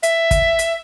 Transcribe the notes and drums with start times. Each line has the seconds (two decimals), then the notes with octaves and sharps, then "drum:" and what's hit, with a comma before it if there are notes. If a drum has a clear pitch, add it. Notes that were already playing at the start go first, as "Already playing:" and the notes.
0.03 E5, drum: hi-hat
0.31 drum: kick, hi-hat
0.59 drum: hi-hat